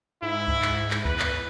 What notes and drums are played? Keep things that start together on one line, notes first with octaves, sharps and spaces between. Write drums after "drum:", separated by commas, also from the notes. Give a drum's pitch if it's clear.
G#2 E4
drum: kick C#2
drum: clap
drum: clap
E2 B4, drum: kick C#2
drum: clap